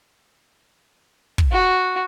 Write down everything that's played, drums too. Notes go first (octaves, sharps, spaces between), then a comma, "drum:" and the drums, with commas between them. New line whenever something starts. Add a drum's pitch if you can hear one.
drum: kick
F#4